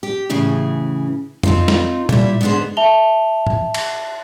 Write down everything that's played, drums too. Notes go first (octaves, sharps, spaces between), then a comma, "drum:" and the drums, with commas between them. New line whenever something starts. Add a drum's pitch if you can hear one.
G4
A2 C#3 E3 G#4
C4 D#4 F4, drum: tom F2
drum: snare
A#2 G3 E4, drum: tom A#2
G#2 D3 B3 G#4 C5
E5 A5 F7 G7
drum: tom G#2
drum: cymbal